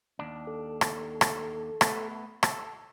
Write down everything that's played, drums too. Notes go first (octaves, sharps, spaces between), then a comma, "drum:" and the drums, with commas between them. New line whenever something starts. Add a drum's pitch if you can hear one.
D#2 D4
A4
drum: rim click
drum: rim click
A3 B3, drum: rim click
A4, drum: rim click